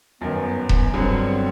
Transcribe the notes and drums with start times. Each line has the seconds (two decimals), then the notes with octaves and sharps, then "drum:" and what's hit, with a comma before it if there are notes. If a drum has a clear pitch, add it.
0.20 G1 F#2 D#3 B3
0.69 drum: kick E1
0.93 G2 D3 F#3 B3 C4